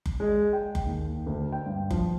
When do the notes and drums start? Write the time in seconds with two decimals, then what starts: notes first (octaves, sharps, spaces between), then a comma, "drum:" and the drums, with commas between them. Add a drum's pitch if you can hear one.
0.06 drum: kick F#1
0.20 G#3
0.53 G5
0.75 drum: kick F#1
0.85 D#2
1.26 D2
1.52 G5
1.66 G2
1.91 F3, drum: kick F#1